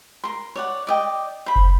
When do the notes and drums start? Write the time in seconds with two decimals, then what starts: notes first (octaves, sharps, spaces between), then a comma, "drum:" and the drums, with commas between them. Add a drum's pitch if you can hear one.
0.24 A#4 C6
0.56 C#5 D5 F#5
0.87 D5 D#5 G5
1.46 C5 B5
1.56 drum: kick F#1